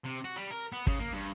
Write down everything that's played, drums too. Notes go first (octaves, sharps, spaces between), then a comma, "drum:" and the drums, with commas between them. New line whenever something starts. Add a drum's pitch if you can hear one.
C3
F#4
G3
A#4
B3
C#3, drum: kick
A#3
G2